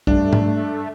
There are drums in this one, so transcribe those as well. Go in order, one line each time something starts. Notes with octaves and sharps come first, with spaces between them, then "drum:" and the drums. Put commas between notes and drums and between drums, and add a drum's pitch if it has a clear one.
G2 A3 D4, drum: kick
drum: tom G#2